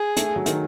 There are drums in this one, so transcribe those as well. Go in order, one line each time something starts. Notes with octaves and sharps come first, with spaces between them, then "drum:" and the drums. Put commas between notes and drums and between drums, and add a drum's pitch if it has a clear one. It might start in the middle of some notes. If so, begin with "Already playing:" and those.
Already playing: G#4
A3, drum: hi-hat
F#3
D#3, drum: hi-hat